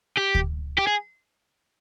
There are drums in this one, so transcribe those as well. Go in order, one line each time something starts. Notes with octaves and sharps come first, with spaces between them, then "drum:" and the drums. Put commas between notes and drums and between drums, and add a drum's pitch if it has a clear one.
G4
drum: kick D2
G4
G#4